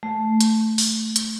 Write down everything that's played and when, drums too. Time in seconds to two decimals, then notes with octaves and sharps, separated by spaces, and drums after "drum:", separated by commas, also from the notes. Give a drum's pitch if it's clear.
0.03 A3
0.41 drum: hi-hat
0.78 drum: open hi-hat
1.16 drum: hi-hat